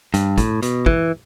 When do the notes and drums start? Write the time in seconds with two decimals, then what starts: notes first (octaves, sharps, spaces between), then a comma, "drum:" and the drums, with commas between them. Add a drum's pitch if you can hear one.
0.14 G2, drum: hi-hat
0.38 A2, drum: kick, hi-hat
0.63 B2, drum: hi-hat
0.86 E3, drum: kick